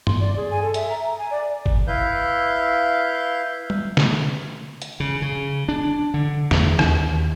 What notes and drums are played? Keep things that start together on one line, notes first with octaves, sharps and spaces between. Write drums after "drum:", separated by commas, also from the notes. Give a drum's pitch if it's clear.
C6, drum: tom G2
D5
G#4
G#5
A4
E5, drum: hi-hat
A#5
A#5
G#5
D5
drum: kick
E4 B4 F5 G6
drum: tom G3
drum: snare
drum: hi-hat
C#3
C#3
D4
D3
E2, drum: snare
D#2, drum: rim click